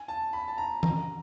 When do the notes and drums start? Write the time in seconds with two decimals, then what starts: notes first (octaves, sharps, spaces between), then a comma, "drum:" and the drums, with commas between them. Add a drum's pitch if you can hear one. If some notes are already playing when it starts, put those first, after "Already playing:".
Already playing: G#5
0.08 A5
0.33 B5
0.48 A5
0.58 A#5
0.83 A#5, drum: tom E3